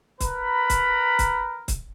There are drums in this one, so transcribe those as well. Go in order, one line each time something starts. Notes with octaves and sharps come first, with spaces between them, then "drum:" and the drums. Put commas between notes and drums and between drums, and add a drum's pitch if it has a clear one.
A#4 B4 A#5 B5, drum: kick C#1, hi-hat
drum: kick C#1, hi-hat
drum: kick C#1, hi-hat
drum: kick C#1, hi-hat